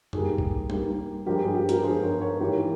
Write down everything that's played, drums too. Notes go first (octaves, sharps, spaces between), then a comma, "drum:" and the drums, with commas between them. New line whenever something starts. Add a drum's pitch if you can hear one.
G#2 G3 A#3 G#4, drum: tom F2
drum: kick B1
G#2 G3 A#3, drum: tom G3
G2 F3 G#3 G4 A#4
G#4
G4
G4 A#4, drum: hi-hat
G2 F3 G#3 G#4 C5
A#4 C#5
A#4 C#5
G#2 E3 A#3 G4 A#4